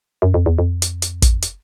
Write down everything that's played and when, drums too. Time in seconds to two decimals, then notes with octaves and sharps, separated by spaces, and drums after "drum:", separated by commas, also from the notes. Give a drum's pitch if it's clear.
0.22 F#2
0.34 F2
0.46 E2
0.59 F2
0.82 drum: hi-hat
1.02 drum: hi-hat
1.22 drum: kick, hi-hat
1.42 drum: hi-hat